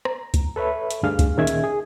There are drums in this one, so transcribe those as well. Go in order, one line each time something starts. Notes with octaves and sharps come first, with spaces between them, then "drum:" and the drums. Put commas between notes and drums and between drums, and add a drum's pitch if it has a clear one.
A#5, drum: rim click
drum: kick C#2, hi-hat
A4 B4 C#5 E5 B5
drum: hi-hat
D2 G2 D4 G#4 F5 F6
drum: kick C#2, hi-hat
A#2 D#3 C#4 G#4 E5 G#6
drum: hi-hat
G#4